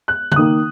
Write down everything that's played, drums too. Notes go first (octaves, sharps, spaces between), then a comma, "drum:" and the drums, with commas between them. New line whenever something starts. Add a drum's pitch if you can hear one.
F#6
F#6, drum: tom C#3
D#3 A#3 D#6